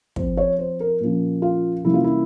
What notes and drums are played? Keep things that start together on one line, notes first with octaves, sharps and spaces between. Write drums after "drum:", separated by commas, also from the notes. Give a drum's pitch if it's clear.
F3 C4 C5, drum: kick
C#5
C5
A#4
A#2 F3 A#3 C#4
F4
C3 E3 G3 A#3 C#4 E4
F4
E4